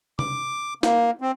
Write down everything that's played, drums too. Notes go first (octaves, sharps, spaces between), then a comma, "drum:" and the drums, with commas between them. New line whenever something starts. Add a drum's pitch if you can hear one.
D6, drum: tom C3
A#3, drum: snare
C4